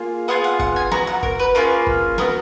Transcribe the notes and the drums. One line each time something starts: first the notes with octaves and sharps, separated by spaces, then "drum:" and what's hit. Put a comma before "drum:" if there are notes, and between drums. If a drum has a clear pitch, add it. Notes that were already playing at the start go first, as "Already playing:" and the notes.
Already playing: A#3 F4 G#4
B3 F4 G#4 F#5
F#5
F#5, drum: kick
G#5
B3 F#4 A#5, drum: snare
F#5
A#4, drum: kick
B4
A#3 C#4 F4 G#4 B4
drum: kick
B3 F#4 A#4, drum: snare